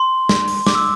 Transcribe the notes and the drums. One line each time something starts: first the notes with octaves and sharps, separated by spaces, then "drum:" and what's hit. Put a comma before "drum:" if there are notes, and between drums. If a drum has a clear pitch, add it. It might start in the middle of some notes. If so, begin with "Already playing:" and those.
Already playing: C6
drum: snare
drum: open hi-hat
D6, drum: snare
E6